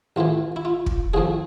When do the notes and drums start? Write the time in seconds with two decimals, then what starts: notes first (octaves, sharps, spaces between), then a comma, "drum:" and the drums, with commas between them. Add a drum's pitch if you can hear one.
0.16 A1 A2 E3 F4
0.56 E4
0.65 F4
0.86 drum: kick
1.14 A1 A2 F3 G#4